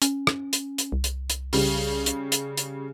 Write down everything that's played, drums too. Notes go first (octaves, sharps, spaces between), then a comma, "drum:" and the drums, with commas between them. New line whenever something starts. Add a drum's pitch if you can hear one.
C#4, drum: hi-hat
drum: rim click
drum: hi-hat
drum: hi-hat
C2
drum: hi-hat
drum: hi-hat
C#3 G3, drum: open hi-hat
drum: hi-hat
drum: hi-hat
drum: hi-hat